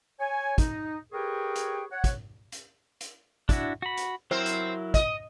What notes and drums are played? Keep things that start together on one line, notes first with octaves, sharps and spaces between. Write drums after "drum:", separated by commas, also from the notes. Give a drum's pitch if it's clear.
C#5 G#5
D#4, drum: kick, hi-hat
G4 G#4 A#4 B4 C#5 G5
drum: hi-hat
C#5 F#5
drum: kick, hi-hat
drum: hi-hat
drum: hi-hat
D4 E4 F#4, drum: kick, hi-hat
F#4 B5
drum: hi-hat
F#3 C4 E4 A#4 C5
drum: hi-hat
D#5, drum: kick, hi-hat